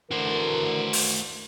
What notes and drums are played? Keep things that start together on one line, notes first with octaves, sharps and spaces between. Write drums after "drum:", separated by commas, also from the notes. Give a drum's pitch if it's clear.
D3 E3 F#4 A#4 C5
drum: open hi-hat